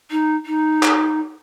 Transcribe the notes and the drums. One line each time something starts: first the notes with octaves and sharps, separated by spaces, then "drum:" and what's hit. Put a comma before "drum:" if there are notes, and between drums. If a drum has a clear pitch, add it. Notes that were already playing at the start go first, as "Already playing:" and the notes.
D#4
D#4
drum: clap